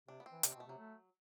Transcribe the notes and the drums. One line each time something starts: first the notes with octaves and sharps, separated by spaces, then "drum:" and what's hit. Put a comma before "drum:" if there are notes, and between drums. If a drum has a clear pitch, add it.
C3 D4
B3
C4
E3
C3 D4, drum: hi-hat
C4
B2 A3
C3 F#3
A3